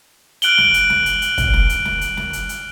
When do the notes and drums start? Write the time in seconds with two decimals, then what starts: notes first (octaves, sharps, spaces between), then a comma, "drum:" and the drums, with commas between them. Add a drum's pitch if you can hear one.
0.42 F6 F#6 D7 F#7 G7, drum: hi-hat
0.58 drum: snare
0.74 drum: hi-hat
0.90 drum: snare
1.06 drum: hi-hat
1.22 drum: hi-hat
1.38 drum: kick, hi-hat
1.54 drum: snare
1.69 drum: hi-hat
1.85 drum: snare
2.01 drum: hi-hat
2.17 drum: snare
2.33 drum: hi-hat
2.49 drum: hi-hat